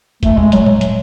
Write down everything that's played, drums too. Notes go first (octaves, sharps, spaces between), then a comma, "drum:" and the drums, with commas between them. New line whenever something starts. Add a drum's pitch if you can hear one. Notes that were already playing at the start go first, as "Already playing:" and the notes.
A3, drum: kick F1, hi-hat
G#3, drum: tom A#2
F#3, drum: hi-hat
drum: tom A#2
drum: hi-hat